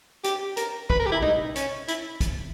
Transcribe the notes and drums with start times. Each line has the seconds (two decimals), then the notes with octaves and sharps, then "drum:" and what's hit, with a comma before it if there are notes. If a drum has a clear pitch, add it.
0.24 G4, drum: hi-hat
0.57 A#4, drum: hi-hat
0.90 B4, drum: kick
1.00 A#4
1.06 G4
1.12 E4
1.22 D#4, drum: tom B2
1.56 C#4, drum: hi-hat
1.88 E4, drum: hi-hat
2.21 drum: kick, hi-hat